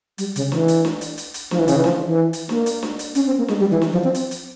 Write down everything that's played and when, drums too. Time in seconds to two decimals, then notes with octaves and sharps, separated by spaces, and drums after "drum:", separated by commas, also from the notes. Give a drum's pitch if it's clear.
0.18 G3, drum: hi-hat
0.36 C#3, drum: hi-hat
0.52 E3, drum: snare D4
0.68 drum: hi-hat
0.85 drum: snare D4
1.01 drum: hi-hat
1.18 drum: hi-hat
1.34 drum: hi-hat
1.51 F3, drum: snare D4
1.59 E3
1.68 C#3, drum: hi-hat
1.76 E3
1.84 F3, drum: snare D4
2.06 E3
2.33 drum: hi-hat
2.49 A#3, drum: snare D4
2.66 drum: hi-hat
2.83 drum: snare D4
2.99 drum: hi-hat
3.15 C#4, drum: hi-hat
3.26 C4
3.38 A#3
3.48 G#3, drum: snare D4
3.60 G3
3.71 E3
3.82 drum: snare D4
3.92 F3
4.04 C4
4.15 drum: hi-hat
4.31 drum: hi-hat